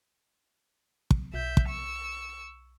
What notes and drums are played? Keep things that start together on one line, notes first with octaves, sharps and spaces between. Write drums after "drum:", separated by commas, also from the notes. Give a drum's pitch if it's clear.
drum: kick
B1 E5 G6
drum: kick
C#6 E6